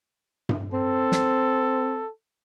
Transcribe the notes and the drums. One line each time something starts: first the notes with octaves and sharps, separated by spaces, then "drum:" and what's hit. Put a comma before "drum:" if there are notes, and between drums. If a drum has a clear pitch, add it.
drum: tom G2
C4 A4
drum: snare